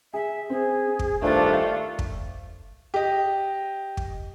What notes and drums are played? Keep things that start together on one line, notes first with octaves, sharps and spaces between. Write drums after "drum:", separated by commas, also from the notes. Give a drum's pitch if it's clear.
G#4 E5
C4 G#4
drum: kick
G2 D#3 A3 D4 F4 C5 F5
drum: kick
G4 D#5
drum: kick